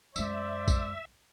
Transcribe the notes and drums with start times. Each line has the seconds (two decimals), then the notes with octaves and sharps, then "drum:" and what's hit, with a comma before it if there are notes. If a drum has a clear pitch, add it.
0.16 F#2 G#3 C5 D5 E5, drum: tambourine
0.68 drum: kick, tambourine